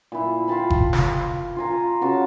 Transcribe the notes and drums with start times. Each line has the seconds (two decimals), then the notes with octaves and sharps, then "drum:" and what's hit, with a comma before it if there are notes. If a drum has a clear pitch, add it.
0.12 A#2 E4
0.48 F4 G5 A5 B5
0.70 drum: kick F#1
0.93 drum: snare
1.56 F4 G#5 A#5
2.01 C#3 F#4 A5